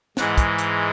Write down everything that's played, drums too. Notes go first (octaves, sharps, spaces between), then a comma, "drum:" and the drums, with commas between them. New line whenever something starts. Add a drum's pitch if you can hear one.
G#2 E3 G#3 F#5, drum: snare
drum: kick, hi-hat
drum: hi-hat